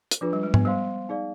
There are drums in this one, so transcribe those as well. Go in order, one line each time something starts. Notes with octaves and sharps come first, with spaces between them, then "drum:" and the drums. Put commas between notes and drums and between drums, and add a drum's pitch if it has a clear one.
drum: hi-hat
F3 D4 F4 G#4 B4
G3
G#3
B3, drum: tom G#2
G3 C5 F5 C6
D#4 G#4 D5 F5